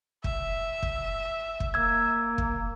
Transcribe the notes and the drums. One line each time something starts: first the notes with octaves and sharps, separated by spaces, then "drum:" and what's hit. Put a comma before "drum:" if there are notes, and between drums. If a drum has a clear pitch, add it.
E5, drum: kick
drum: kick
drum: kick
A#3 E6 G#6
drum: kick